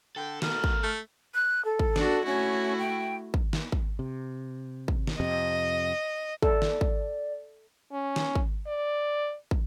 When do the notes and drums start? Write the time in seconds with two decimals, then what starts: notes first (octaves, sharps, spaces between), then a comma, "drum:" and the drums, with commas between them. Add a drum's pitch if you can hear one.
0.16 D3 A4 G5
0.42 B2 A3 A#4 F6, drum: snare
0.64 drum: kick
0.83 A3
1.34 F#6
1.65 A4
1.79 drum: kick
1.96 D4 F#4, drum: snare
2.25 A3 C#4 E4 F#4
2.79 G5
3.34 drum: kick
3.53 drum: snare
3.72 drum: kick
3.99 C3
4.88 drum: kick
5.07 drum: snare
5.20 F2 C3 D#5
6.43 A4 D5, drum: kick
6.62 drum: snare
6.81 drum: kick
7.92 C#4
8.16 drum: snare
8.35 drum: kick
8.67 D5
9.51 drum: kick